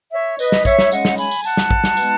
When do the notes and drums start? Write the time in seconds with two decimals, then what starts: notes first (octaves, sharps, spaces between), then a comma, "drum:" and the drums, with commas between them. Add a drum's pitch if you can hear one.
0.13 C#5 E5
0.39 B4 D#5, drum: tambourine
0.52 drum: snare
0.65 C#5 E5, drum: kick, tambourine
0.79 drum: snare
0.91 C#3 G#3 C#4 D#5 F#5, drum: tambourine
1.05 drum: snare
1.18 G#5 B5, drum: tambourine
1.31 drum: tambourine
1.44 F#5 A5, drum: tambourine
1.57 drum: snare
1.71 drum: kick
1.84 drum: snare
1.97 B2 G#3 B3 D#4, drum: tambourine